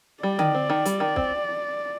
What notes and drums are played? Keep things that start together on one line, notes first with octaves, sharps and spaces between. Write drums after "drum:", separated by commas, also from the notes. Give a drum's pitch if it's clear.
G3 D5
D#3, drum: tom D3
C4
D#3
G3, drum: hi-hat
D#3
C4, drum: kick